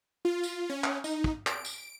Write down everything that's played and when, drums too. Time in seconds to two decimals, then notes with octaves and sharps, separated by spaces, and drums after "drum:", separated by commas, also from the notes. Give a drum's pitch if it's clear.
0.25 F4
0.43 drum: tambourine
0.70 C#4
0.84 drum: clap
1.04 D#4, drum: tambourine
1.24 drum: kick
1.47 D7, drum: clap
1.65 drum: tambourine